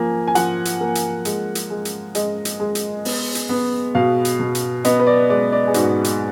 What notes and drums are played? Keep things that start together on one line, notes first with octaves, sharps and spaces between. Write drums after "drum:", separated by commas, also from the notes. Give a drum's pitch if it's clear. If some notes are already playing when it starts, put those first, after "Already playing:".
Already playing: F3 A#3 G#5
G#5
F3 F#5, drum: hi-hat
drum: hi-hat
A#3
drum: hi-hat
G#3, drum: hi-hat
drum: hi-hat
G#3
drum: hi-hat
G#3 D#5, drum: hi-hat
drum: hi-hat
G#3
drum: hi-hat
B3, drum: open hi-hat
drum: hi-hat
B3
B2 F5
drum: hi-hat
B2
drum: hi-hat
B3 D#5, drum: hi-hat
B4
D5
G#3 D5
D5
G#4
G#2 F#4, drum: hi-hat
drum: hi-hat